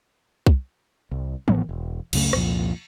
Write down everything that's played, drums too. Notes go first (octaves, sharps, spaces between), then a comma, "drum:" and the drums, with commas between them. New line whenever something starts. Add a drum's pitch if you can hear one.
drum: kick C2
C2
A1 A2 F3 B3, drum: tom
E1
C#2 F#2 C#3 A3, drum: cymbal
C2 F2 A#2 F3, drum: rim click